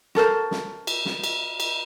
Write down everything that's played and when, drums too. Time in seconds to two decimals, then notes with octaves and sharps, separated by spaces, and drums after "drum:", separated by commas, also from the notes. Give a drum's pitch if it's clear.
0.15 F#4 A4 A#4 C5, drum: snare
0.51 drum: snare
0.87 drum: cymbal
1.05 drum: snare
1.24 drum: cymbal
1.60 drum: cymbal